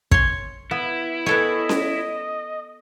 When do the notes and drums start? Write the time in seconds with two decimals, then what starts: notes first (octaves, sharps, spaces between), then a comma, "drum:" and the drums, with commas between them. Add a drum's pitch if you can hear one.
0.11 C#5 C6, drum: kick
0.71 B3 E4
1.26 B3 A4 C#5 D#5 G#5
1.69 drum: snare C#4